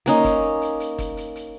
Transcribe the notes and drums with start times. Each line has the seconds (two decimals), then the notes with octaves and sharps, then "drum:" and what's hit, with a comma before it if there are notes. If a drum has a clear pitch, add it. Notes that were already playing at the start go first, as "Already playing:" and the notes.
0.06 A#3 C#4 D#4, drum: hi-hat
0.24 drum: kick, hi-hat
0.62 drum: hi-hat
0.80 drum: hi-hat
0.99 drum: kick, hi-hat
1.17 drum: hi-hat
1.36 drum: hi-hat